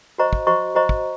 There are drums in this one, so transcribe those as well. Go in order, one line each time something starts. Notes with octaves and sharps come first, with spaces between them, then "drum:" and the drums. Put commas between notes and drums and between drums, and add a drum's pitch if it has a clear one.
F#4 C5 D#5 A#5 C#6
drum: kick
F#4 C5 D#5 A#5 C#6
F#4 C5 D#5 A#5 C#6
drum: kick